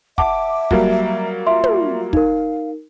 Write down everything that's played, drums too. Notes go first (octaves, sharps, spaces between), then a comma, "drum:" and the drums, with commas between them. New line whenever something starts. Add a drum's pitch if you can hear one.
E5 F#5 A5 D6, drum: kick
F#3 G3 A#3, drum: kick
F4 E5 C6
drum: tom
D#4 A#4 F5, drum: kick